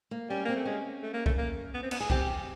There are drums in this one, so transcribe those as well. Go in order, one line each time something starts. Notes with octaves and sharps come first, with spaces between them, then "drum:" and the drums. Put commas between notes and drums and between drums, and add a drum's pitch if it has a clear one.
A#3
G3 C#4
A#3 C4
A3
G#3 C#4
A3
A#3
A3, drum: kick B1
A#3
B3
C4
B3, drum: cymbal
G#4
C4 G4, drum: kick B1